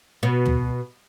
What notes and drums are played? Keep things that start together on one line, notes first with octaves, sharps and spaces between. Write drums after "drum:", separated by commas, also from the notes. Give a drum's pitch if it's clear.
B2
drum: tom